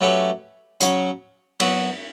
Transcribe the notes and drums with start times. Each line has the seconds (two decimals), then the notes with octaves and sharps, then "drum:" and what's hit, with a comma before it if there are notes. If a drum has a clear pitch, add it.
0.01 F#3 A3 C#4 G4 B4
0.81 C#3 F#3 C#4, drum: hi-hat
1.60 F#3 B3 F#4, drum: cymbal